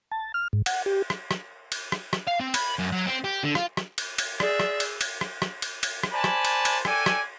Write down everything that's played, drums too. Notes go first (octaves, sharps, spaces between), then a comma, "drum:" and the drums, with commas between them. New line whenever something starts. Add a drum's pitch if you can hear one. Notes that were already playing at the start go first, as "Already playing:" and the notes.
A5
F6
G#2
F#5, drum: cymbal
G4
drum: rim click
drum: rim click
drum: cymbal
drum: rim click
drum: rim click
F5
C4
B5, drum: cymbal
F#2
F#3
C4
G4
D3
F4, drum: rim click
drum: rim click
drum: cymbal
drum: cymbal
G#4 D5 E5, drum: rim click
drum: rim click
drum: cymbal
drum: cymbal
drum: rim click
drum: rim click
drum: cymbal
drum: cymbal
drum: rim click
C5 D5 G#5 A5 B5
drum: rim click
drum: cymbal
drum: cymbal
A4 D5 G5 G#5, drum: rim click
drum: rim click